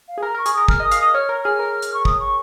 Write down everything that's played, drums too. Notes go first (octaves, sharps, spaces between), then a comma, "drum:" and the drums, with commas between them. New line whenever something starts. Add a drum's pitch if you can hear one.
F5
G#4
A#4 A#5
A#4
C#6
G#4, drum: hi-hat
A#4 D#6
A#4 F6, drum: kick
D#5
D#6
F5, drum: hi-hat
D#5 D#6
C#5 F6
A#4
G#4 F6
A#4
drum: hi-hat
C#6
D#6, drum: kick
C#6